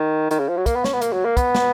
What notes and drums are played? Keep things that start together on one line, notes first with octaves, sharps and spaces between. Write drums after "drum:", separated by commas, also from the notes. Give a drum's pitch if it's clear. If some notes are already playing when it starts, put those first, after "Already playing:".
Already playing: D#3
D#3, drum: hi-hat
C#3
F3
F#3
A#3, drum: kick, hi-hat
B3
C#4, drum: snare
B3
A#3, drum: hi-hat
F#3
A#3
B3, drum: kick, hi-hat
drum: snare